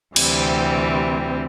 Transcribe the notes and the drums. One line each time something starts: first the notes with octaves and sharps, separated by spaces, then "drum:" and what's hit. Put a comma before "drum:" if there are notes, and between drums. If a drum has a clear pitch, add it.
D2 C3 E3 G3 C4, drum: cymbal